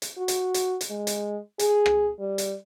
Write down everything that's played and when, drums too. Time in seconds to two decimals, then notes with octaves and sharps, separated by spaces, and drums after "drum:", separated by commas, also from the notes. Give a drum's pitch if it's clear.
0.02 drum: hi-hat
0.18 F#4
0.28 drum: hi-hat
0.54 drum: hi-hat
0.81 drum: hi-hat
0.90 G#3
1.07 drum: hi-hat
1.59 G#4, drum: hi-hat
1.86 drum: rim click
2.19 G3
2.38 drum: hi-hat